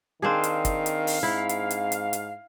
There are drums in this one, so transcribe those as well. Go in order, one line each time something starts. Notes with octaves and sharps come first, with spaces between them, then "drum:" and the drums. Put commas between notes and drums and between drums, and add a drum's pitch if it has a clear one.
D#3 C4 D4 G#4 F5
drum: hi-hat
drum: kick, hi-hat
drum: hi-hat
drum: open hi-hat
G#2 E4
drum: hi-hat
drum: hi-hat
drum: hi-hat
drum: hi-hat